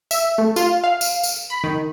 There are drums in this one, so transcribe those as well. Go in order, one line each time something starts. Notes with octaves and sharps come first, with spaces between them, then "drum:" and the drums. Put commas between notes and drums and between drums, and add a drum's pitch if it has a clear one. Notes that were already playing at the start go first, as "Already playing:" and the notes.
E5, drum: tambourine
A3
F4, drum: tambourine
F5
drum: tambourine
drum: tambourine
B5
D#3